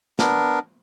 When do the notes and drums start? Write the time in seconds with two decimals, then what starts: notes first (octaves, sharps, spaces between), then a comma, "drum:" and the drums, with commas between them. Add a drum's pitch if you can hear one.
0.19 B3 D4 A#4, drum: snare